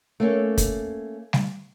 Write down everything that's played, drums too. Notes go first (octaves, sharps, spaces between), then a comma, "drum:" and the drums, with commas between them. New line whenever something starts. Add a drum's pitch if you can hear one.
A3 A#3 C#4
drum: kick, hi-hat
drum: snare G3